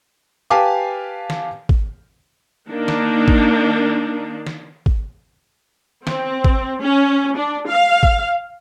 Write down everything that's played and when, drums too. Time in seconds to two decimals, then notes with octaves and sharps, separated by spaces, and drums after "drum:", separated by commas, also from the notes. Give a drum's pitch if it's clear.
0.50 G4 B4 F5 G#5 A5 D6
1.30 drum: snare
1.69 drum: kick G#1
2.69 D#3 A#3 D4 D#4
2.88 drum: snare
3.28 drum: kick G#1
4.46 drum: snare
4.86 drum: kick G#1
6.07 C4, drum: snare
6.44 drum: kick G#1
6.83 C#4
7.37 D4
7.69 F5
8.03 drum: kick G#1